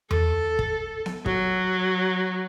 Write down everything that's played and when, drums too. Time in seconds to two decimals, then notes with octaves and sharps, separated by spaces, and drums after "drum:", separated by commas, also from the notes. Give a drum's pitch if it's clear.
0.11 A4, drum: tom E2
0.59 drum: kick
1.06 drum: snare B3
1.26 F#3, drum: kick